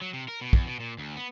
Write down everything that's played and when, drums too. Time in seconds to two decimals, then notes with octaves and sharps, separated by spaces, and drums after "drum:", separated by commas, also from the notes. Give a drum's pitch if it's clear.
0.02 F#3
0.13 C3
0.28 A#4
0.41 B2
0.53 E2, drum: kick
0.67 B2
0.80 A#2
0.98 D2
1.17 B3